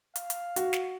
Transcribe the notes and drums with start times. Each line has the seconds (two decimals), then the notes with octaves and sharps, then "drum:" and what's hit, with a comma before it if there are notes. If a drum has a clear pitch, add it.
0.16 F5, drum: hi-hat
0.30 drum: hi-hat
0.56 F#4, drum: hi-hat
0.73 drum: snare